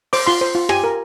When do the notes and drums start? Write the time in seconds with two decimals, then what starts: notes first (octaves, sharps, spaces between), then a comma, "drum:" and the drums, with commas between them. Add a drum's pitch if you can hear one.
0.13 C5 D6, drum: open hi-hat
0.27 F4 C6
0.41 C5
0.55 F4
0.69 G4 G#5, drum: rim click
0.84 A#4